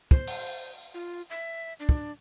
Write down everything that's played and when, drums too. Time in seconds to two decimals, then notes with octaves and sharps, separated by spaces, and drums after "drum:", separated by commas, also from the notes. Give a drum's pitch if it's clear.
0.11 C5, drum: kick
0.28 drum: open hi-hat
0.94 F4
1.30 E5
1.80 D4
1.89 drum: kick